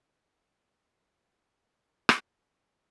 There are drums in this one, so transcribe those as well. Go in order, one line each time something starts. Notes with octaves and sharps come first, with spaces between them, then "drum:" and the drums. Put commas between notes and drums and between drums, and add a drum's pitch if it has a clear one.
D#3 G#4
drum: rim click